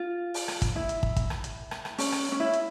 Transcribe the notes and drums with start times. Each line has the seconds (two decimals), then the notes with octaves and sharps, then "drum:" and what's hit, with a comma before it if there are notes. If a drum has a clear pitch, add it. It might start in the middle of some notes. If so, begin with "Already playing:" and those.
Already playing: F4
0.34 drum: open hi-hat
0.48 drum: rim click
0.62 drum: kick, hi-hat
0.76 E4
0.89 drum: hi-hat
1.03 drum: kick
1.16 drum: kick, hi-hat
1.30 drum: rim click
1.44 drum: hi-hat
1.71 drum: rim click
1.85 drum: rim click
1.98 C#4, drum: open hi-hat
2.12 drum: rim click
2.32 C#4
2.40 E4
2.53 drum: hi-hat